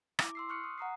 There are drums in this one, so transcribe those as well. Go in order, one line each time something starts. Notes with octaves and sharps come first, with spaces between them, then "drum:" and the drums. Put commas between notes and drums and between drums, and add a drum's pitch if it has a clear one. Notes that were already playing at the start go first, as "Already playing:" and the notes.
E4 D6, drum: rim click
C6 E6 C7
C#6 F6 F#6 C#7
D#6
F#5 A#5 D#6 C7